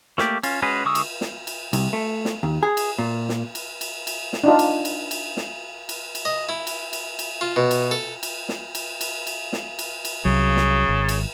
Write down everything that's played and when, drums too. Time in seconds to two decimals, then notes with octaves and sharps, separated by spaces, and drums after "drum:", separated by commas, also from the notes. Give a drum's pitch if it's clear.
0.18 A3 A#3 G4 D5, drum: snare
0.43 C#4 F4, drum: cymbal
0.62 G#3 C#4 F#4 G#4 B4
0.85 D3 G#3 C#6 D#6 E6
0.95 drum: cymbal
1.21 drum: snare
1.47 drum: cymbal
1.73 C2, drum: cymbal
1.93 A3
2.25 drum: snare
2.43 D#2
2.63 G#4
2.77 drum: cymbal
2.99 A#2
3.29 drum: snare
3.55 drum: cymbal
3.81 drum: cymbal
4.07 drum: cymbal
4.33 drum: snare
4.44 D4 D#4 F4
4.59 drum: cymbal
4.85 drum: cymbal
5.11 drum: cymbal
5.37 drum: snare
5.89 drum: cymbal
6.15 drum: cymbal
6.25 D#5
6.49 E4
6.67 drum: cymbal
6.93 drum: cymbal
7.19 drum: cymbal
7.41 F4
7.56 B2
7.71 drum: cymbal
7.91 A4
8.23 drum: cymbal
8.49 drum: snare
8.75 drum: cymbal
9.01 drum: cymbal
9.27 drum: cymbal
9.53 drum: snare
9.79 drum: cymbal
10.05 drum: cymbal
10.25 C2 C#3 F#3
10.57 drum: snare
10.89 G#1
11.09 drum: cymbal